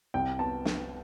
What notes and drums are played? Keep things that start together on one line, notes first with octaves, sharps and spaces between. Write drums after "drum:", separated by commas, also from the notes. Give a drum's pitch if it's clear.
C2 G5
B3 A5
drum: snare